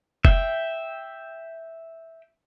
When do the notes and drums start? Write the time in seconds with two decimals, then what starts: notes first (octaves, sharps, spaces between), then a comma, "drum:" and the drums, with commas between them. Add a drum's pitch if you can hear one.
0.25 E5 G5, drum: kick F1